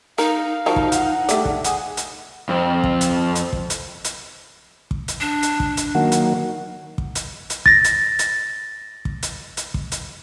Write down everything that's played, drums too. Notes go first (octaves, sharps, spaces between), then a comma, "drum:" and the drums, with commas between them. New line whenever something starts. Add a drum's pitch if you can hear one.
D#4 A#4 F5
F3 D#4 F#4 A#4 A5
drum: kick
F#5, drum: hi-hat
G3 A3 D4 D5, drum: hi-hat
drum: kick
G#4 F#5, drum: hi-hat
drum: hi-hat
F2 C4
drum: kick
drum: hi-hat
drum: hi-hat
drum: kick
drum: hi-hat
drum: hi-hat
drum: kick
drum: hi-hat
D4
drum: hi-hat
drum: kick
drum: hi-hat
D#3 F#3 A#3 F#5
drum: hi-hat
drum: kick
drum: hi-hat
drum: hi-hat
A6 A#6, drum: kick
drum: hi-hat
drum: hi-hat
drum: kick
drum: hi-hat
drum: hi-hat
drum: kick
drum: hi-hat